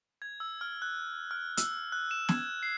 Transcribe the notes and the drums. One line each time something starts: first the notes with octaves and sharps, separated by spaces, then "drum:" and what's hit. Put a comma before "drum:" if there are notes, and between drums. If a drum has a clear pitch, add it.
G#6
E6
F6
F#6
F6
E6, drum: hi-hat
F#6
E7
G#6, drum: snare
C7